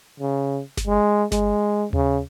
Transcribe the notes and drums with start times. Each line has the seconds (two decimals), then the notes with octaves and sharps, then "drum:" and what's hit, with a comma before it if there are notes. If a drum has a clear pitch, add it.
0.20 C#3
0.77 drum: snare G1
0.87 G#3
1.32 G#3, drum: snare G1
1.93 C#3, drum: tom D#2